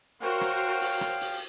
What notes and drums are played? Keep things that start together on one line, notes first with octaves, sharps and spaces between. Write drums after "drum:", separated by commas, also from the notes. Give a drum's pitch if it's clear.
F#4 A#4 C5 C#5 F5 G5
drum: rim click
drum: open hi-hat
drum: rim click
drum: open hi-hat